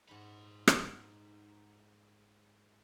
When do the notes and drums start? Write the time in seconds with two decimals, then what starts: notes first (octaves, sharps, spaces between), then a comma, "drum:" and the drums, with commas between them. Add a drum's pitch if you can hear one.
0.08 G#2 D#4 F#5 B5
0.68 drum: rim click